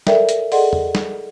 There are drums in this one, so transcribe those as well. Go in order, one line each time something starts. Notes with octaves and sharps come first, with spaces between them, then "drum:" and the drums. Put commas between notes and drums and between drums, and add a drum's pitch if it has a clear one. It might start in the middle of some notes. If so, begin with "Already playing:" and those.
A4 A#4 D5 E5 G5, drum: snare
drum: hi-hat
G#4 A4 D5 D#5 F#5 C6, drum: open hi-hat
drum: tom E2
drum: snare